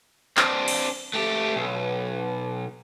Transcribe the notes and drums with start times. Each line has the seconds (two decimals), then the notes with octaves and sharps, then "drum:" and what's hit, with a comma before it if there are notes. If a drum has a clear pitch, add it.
0.37 C4 D4, drum: clap
0.68 drum: cymbal
1.14 A3 G4
1.56 B1